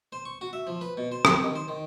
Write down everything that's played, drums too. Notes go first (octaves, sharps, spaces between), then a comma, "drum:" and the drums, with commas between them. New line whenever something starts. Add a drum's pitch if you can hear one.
C5
C#6
F#4
E5
F3
B4
B2
C5
C4, drum: rim click
D#3
C5
D#3